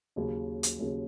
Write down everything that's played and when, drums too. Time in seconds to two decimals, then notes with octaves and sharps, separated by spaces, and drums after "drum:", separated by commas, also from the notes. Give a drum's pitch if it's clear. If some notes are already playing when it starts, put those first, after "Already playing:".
0.16 D#2 C#3 F#3 C#4 G#4
0.63 drum: hi-hat
0.79 D#2 C#3 F#3 C#4 G#4